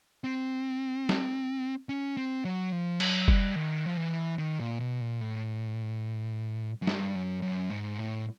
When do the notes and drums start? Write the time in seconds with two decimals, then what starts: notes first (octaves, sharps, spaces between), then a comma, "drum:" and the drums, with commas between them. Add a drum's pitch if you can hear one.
0.24 C4
1.09 drum: snare
1.89 C#4
2.17 C4
2.45 F#3
2.72 F3
3.00 F#3, drum: cymbal
3.28 G3, drum: kick F#1
3.56 D#3
3.86 F3
3.97 E3
4.38 D#3
4.60 A#2
4.80 B2
5.01 A#2
5.21 A2
6.82 F#2
6.87 G2, drum: snare
7.15 F#2
7.42 F#2
7.70 G#2
7.98 A2